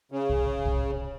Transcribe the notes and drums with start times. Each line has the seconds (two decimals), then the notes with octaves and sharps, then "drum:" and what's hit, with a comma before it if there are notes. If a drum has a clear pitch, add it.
0.12 C#3
0.29 drum: kick
0.65 drum: kick